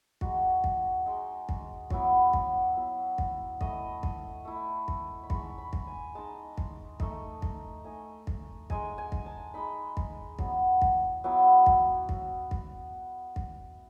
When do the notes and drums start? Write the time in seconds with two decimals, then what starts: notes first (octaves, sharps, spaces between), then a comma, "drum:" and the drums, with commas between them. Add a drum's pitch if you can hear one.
0.21 G#3 D#4 F#4, drum: kick
0.64 drum: kick
1.06 G#3 D#4
1.49 drum: kick
1.90 F#3 B3 E4, drum: kick
2.33 drum: kick
2.76 F#3 B3 E4
3.18 drum: kick
3.61 A3 E4 D#5, drum: kick
4.03 drum: kick
4.45 A3 E4
4.88 drum: kick
5.23 B5
5.30 G#3 D#4 C#6, drum: kick
5.58 B5
5.73 drum: kick
5.87 G#5
6.15 G#3 D#4 A5
6.58 drum: kick
7.00 A3 D#4, drum: kick
7.42 drum: kick
7.84 A3 D#4 G#5
8.27 drum: kick
8.70 G#3 D#4 G#5, drum: kick
8.98 G#5
9.12 drum: kick
9.26 A5
9.54 G#3 D#4 B5
9.97 drum: kick
10.39 F#3 B3 E4, drum: kick
10.82 drum: kick
11.24 F#3 B3 E4 A5
11.66 drum: kick
12.09 drum: kick
12.51 drum: kick
13.36 drum: kick